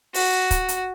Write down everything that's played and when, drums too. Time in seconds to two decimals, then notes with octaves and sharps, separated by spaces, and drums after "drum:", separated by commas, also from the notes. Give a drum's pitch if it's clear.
0.14 F#4, drum: open hi-hat
0.51 drum: kick, hi-hat
0.68 drum: hi-hat